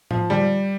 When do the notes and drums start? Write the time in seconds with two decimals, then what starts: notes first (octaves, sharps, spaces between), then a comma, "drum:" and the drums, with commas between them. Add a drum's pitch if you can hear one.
0.11 F3, drum: tom
0.30 G3, drum: tom D3